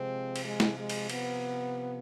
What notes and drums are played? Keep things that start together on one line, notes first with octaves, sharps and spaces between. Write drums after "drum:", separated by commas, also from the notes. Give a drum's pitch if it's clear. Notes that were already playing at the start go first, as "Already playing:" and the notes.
Already playing: C3 F3 G#3 C4
drum: cymbal
G#3
drum: snare
G#3
drum: cymbal
B3, drum: cymbal